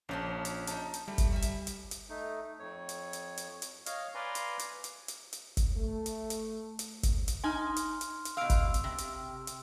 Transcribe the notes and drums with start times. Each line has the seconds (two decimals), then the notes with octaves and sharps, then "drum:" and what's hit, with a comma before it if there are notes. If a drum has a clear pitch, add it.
0.09 A#1 A#2 F3 C#4 A5
0.45 drum: hi-hat
0.67 D#4 A5, drum: hi-hat
0.94 drum: hi-hat
1.08 G3 A3
1.18 drum: kick G#1, hi-hat
1.32 E5 G#5
1.42 drum: hi-hat
1.67 drum: hi-hat
1.91 drum: hi-hat
2.09 A3 D#4
2.59 F2 C#5
2.89 drum: hi-hat
3.13 drum: hi-hat
3.37 drum: hi-hat
3.62 drum: hi-hat
3.86 C#5 D#5 F5 F6, drum: hi-hat
4.15 B4 D5 F5 G#5 A#5 C6
4.35 drum: hi-hat
4.59 drum: hi-hat
4.84 drum: hi-hat
5.08 drum: hi-hat
5.33 drum: hi-hat
5.57 drum: kick G#1, hi-hat
5.77 A3
6.06 drum: hi-hat
6.30 drum: hi-hat
6.79 drum: hi-hat
7.03 drum: kick G#1, hi-hat
7.28 drum: hi-hat
7.44 D#4 G#5 C6 F6
7.76 drum: hi-hat
8.01 drum: hi-hat
8.25 drum: hi-hat
8.37 B2 F5 E6 D7
8.50 drum: kick G#1, hi-hat
8.74 drum: hi-hat
8.84 C3
8.98 drum: hi-hat
9.47 drum: hi-hat